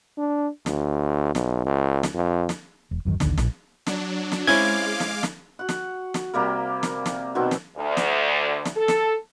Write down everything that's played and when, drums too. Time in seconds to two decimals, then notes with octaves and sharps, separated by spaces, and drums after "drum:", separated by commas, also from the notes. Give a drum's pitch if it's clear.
0.18 D4
0.66 D2, drum: snare
1.35 B1, drum: snare
1.65 C#2
2.03 drum: snare
2.14 F2
2.49 drum: snare
2.91 E1
3.05 D1 F#2 B2 D#3
3.20 A#1 D#2 D3, drum: snare
3.37 A#1 A#2, drum: snare
3.86 F#3 D4, drum: snare
4.32 drum: snare
4.47 G#3 C4 C#4 E4 F5 D6 G#6
5.00 drum: snare
5.23 drum: snare
5.59 F#4 F#5
5.69 drum: snare
6.14 drum: snare
6.33 C3 G3 A#3 A#4
6.83 drum: snare
7.06 drum: snare
7.35 B2 D#3 F#3 C4
7.51 drum: snare
7.77 D2
7.97 drum: snare
8.65 drum: snare
8.77 A4
8.88 drum: snare